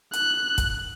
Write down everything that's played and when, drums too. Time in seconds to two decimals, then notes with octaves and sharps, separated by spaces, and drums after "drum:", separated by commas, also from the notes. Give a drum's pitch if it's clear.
0.13 F#6, drum: hi-hat
0.58 drum: kick, hi-hat